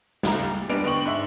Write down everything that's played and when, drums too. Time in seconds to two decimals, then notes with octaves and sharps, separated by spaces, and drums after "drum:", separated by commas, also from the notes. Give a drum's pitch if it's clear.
0.23 C#2 A3 A#5, drum: snare
0.40 G3
0.70 F#1 G3 B3 D4 D7 F7
0.84 D3 B3 D#5 G5 C#6 F#7
1.05 G#2 D4 E5